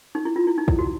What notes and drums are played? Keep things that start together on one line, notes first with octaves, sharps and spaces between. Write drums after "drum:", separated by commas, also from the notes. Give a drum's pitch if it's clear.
D#4
E4
F4
E4
D#4
E4, drum: kick
F#4